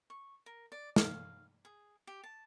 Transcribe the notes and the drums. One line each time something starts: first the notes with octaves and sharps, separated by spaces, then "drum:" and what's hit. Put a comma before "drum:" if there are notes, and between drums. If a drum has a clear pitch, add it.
C#6
A#4
D5
F5, drum: snare
G#4
G4
A5